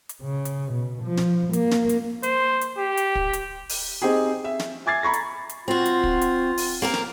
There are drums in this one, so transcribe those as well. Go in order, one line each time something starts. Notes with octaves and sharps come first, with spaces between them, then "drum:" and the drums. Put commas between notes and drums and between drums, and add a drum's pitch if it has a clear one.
drum: hi-hat
C#3
drum: hi-hat
B2
F3
drum: snare
A#3, drum: hi-hat
drum: snare
drum: hi-hat
C5, drum: hi-hat
drum: hi-hat
G4
drum: hi-hat
drum: kick
drum: hi-hat
drum: open hi-hat
C4 D#4 G4 G#4
E5
drum: snare
E5 G#5 D6 G#6 A6 C7
A#5 B5 C#6 A#6
drum: hi-hat
drum: hi-hat
C4 F4 F#4
drum: hi-hat
drum: kick
drum: hi-hat
drum: open hi-hat
A#3 C4 A#4
drum: snare